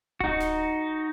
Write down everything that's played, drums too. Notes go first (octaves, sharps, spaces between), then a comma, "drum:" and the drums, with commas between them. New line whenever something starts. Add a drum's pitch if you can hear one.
D#4 F#4, drum: kick D1
drum: snare